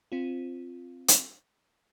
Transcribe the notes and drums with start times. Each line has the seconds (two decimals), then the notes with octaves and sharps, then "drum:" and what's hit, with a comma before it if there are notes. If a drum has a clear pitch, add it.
0.12 C4 F4
1.08 drum: hi-hat